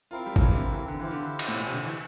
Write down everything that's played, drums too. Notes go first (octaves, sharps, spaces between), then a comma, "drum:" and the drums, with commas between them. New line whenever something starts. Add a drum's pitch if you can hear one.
C4 E4 F4 A#4 F5
G3
F3, drum: kick G#1
E3
C3
D3
E3
D3
E3 E4 G4 C5 F5
D3
drum: cymbal
A2
A#2
C3
D3
E3